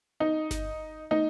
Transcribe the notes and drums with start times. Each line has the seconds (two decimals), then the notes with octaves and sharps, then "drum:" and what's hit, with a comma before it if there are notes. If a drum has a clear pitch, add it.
0.20 D#4
0.51 drum: snare G1
1.11 D#4, drum: tom